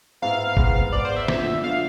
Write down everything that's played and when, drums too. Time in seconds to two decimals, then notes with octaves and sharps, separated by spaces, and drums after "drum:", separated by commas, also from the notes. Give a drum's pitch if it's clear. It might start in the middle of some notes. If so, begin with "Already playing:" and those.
0.22 G#2 G#3 B3 E4 F5
0.57 G#2 G#3 B3, drum: kick G#1
0.92 G#2 G#3 B3 D5
1.05 C5
1.16 E5
1.28 B1 B2 A3 D4 F4, drum: snare
1.64 B1 B2 A3 D4 F4 F5